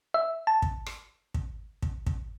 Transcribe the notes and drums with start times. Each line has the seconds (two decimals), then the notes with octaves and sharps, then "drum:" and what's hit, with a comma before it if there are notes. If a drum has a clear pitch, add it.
0.14 E5
0.47 A5
0.62 drum: kick
0.86 drum: rim click
1.34 drum: kick
1.83 drum: kick
2.07 drum: kick